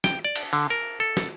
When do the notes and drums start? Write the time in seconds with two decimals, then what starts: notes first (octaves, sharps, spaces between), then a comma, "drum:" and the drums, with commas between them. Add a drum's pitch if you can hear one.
0.04 G5, drum: snare
0.25 D5
0.36 drum: cymbal
0.53 D3
0.70 A#4
1.00 A4
1.17 drum: snare